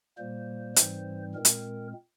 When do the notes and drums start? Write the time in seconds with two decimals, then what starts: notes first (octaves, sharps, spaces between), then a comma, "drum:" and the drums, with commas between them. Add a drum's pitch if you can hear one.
0.18 A#2 G3 A#3 C5
0.76 G#2 E3 G3 C4, drum: hi-hat
1.35 A#2 G#3 C4 A#4
1.45 drum: hi-hat